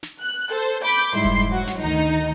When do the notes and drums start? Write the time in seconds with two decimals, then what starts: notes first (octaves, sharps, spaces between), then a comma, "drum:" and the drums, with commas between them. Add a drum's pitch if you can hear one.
0.03 drum: snare
0.21 F#6
0.51 A4 C5
0.82 B5 D6 G6
1.13 G#2 G3 E4 C6 C7
1.25 drum: kick F1
1.49 F#3 F#4
1.67 drum: snare
1.80 D2 D#3 D#4 A#5